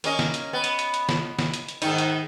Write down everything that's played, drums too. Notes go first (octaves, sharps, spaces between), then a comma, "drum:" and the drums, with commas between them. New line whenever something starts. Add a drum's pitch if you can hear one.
A#3 C#4 D#5, drum: hi-hat
drum: snare
drum: hi-hat
B3
drum: hi-hat
drum: hi-hat
drum: hi-hat
drum: snare
drum: snare
drum: hi-hat
drum: hi-hat
G#2 D#3 D#4, drum: hi-hat
drum: hi-hat